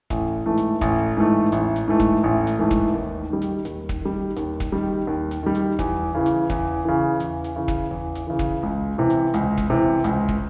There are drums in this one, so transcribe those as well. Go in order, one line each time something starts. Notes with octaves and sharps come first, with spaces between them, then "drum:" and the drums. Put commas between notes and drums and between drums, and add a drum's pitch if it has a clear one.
A1, drum: kick, hi-hat
G#2 E3 A3
drum: hi-hat
A1, drum: kick, hi-hat
G#2 E3 A3
A1, drum: hi-hat
drum: hi-hat
G#2 E3 A3
drum: kick, hi-hat
A1
drum: hi-hat
G#2 E3 A3
drum: kick, hi-hat
D#2
D#3 G3
drum: hi-hat
D#2, drum: hi-hat
drum: kick, hi-hat
D#3 G3
D#2, drum: hi-hat
drum: kick, hi-hat
D#3 G3
D#2
drum: hi-hat
D#3 G3
drum: hi-hat
E2, drum: kick, hi-hat
C#3 E3
drum: hi-hat
E2, drum: kick, hi-hat
C#3 E3
E2, drum: hi-hat
drum: hi-hat
C#3 E3
drum: kick, hi-hat
E2
drum: hi-hat
C#3 E3
drum: kick, hi-hat
C#2
C3 E3
drum: hi-hat
C#2, drum: hi-hat
drum: kick, hi-hat
C3 E3
C#2, drum: hi-hat
drum: kick